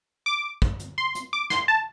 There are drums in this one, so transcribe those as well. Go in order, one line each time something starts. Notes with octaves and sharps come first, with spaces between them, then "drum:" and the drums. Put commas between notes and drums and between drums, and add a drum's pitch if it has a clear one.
D6
drum: kick
drum: hi-hat
C6
drum: hi-hat
D6
C6, drum: snare
A5